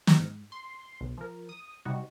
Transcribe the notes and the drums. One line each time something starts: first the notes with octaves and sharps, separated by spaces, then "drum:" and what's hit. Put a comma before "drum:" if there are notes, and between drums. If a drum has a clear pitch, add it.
drum: snare
G#2
C6
B1
F3 A#4
D#6
C3 G3 D#4 F#4